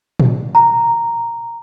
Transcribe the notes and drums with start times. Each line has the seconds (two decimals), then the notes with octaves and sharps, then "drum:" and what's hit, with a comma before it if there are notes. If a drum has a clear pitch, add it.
0.20 drum: tom A#2
0.55 A#5